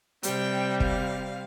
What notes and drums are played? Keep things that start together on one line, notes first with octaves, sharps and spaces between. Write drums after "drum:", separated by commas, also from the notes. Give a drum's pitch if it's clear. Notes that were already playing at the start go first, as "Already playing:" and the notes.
C3 G3 C4 G5, drum: hi-hat
F5, drum: kick